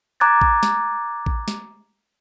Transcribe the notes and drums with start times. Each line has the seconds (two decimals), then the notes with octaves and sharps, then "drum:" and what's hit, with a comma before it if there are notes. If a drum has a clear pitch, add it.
0.20 A#5 D6 F#6 G#6 A6
0.41 drum: kick A1
0.63 drum: snare
1.26 drum: kick A1
1.48 drum: snare